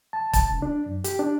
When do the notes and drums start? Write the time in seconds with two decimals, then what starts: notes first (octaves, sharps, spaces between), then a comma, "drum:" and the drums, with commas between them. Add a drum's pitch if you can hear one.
0.13 A5
0.33 A5, drum: kick, hi-hat
0.49 C#2
0.62 D4
0.86 F#2
1.04 G4, drum: hi-hat
1.19 D4